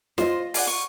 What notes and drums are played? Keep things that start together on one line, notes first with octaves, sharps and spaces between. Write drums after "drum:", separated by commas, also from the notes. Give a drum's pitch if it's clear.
F4 C5 D#5, drum: snare
G#4 D5 F#5, drum: open hi-hat
C#6